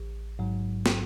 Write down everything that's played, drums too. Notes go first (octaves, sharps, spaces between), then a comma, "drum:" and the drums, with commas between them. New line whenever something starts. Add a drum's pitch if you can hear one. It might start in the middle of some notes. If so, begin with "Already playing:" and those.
Already playing: A1
G#2 F#3
drum: snare